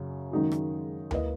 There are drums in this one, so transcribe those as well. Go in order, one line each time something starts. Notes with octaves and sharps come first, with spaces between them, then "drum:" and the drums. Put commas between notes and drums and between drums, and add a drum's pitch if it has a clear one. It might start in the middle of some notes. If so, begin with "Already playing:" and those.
Already playing: F#2 C#3 F#3
F#2 D#3 G#3 D#4 F#4
drum: rim click
A#3 E4 B4 D#5, drum: tom D2